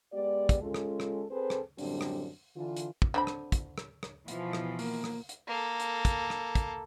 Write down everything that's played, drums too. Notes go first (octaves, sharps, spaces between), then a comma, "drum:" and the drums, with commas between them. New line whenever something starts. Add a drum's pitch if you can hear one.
G#3 B3 G4 D5
drum: kick, hi-hat
G#3 C#4 F4 A4
drum: rim click
drum: rim click
C4 G#4 A4 B4 C5
drum: rim click
F#2 A2 D3 G3 C4 D4, drum: open hi-hat
drum: rim click
D3 E3 F4
drum: hi-hat
drum: kick
D3 C4 B5
drum: rim click
drum: kick, hi-hat
drum: rim click
drum: rim click
B2 E3 F3, drum: hi-hat
drum: rim click
A#3, drum: open hi-hat
drum: rim click
drum: hi-hat
A#3 A4
drum: hi-hat
drum: kick, hi-hat
drum: rim click
drum: kick, hi-hat